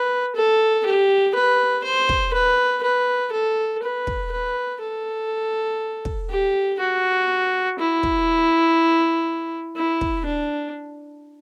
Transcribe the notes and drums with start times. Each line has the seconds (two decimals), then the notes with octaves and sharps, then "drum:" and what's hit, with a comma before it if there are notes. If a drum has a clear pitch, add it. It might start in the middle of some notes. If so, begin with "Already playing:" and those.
Already playing: B4
0.36 A4
0.85 G4
1.35 B4
1.84 C5
2.09 drum: kick
2.34 B4
2.83 B4
3.32 A4
3.83 B4
4.07 drum: kick
4.32 B4
4.81 A4
6.05 drum: kick
6.30 G4
6.80 F#4
7.79 E4
8.03 drum: kick
9.77 E4
10.01 drum: kick
10.25 D4